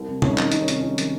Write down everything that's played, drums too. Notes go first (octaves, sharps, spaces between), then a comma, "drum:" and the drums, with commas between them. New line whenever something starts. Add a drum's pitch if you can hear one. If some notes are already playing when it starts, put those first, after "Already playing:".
Already playing: C2
C3
C2 C#4, drum: tom
D#4
D#3 C#4, drum: clap
C2 D#4, drum: hi-hat
C#4
C3 D#4, drum: hi-hat
C2 C#4
D#3, drum: hi-hat